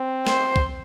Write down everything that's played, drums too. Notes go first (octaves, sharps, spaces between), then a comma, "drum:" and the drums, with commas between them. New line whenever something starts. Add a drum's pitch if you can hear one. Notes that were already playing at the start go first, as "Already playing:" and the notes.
Already playing: C4
C5, drum: snare
drum: kick